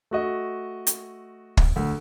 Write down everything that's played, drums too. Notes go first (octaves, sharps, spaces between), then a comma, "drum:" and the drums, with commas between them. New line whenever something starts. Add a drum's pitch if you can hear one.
A3 F#4 D#5
drum: hi-hat
drum: kick
D2